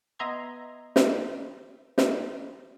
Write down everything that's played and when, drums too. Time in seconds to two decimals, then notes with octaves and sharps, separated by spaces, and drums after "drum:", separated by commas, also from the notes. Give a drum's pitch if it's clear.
0.19 B3 D#5 E5 A#5 C6 G#6
0.96 drum: snare
1.98 drum: snare